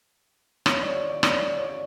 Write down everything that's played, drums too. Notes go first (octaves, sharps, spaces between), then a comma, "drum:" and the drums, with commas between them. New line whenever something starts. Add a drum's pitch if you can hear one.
C#5, drum: rim click
D5
C#5
D5
C#5, drum: rim click
D5
C#5
D5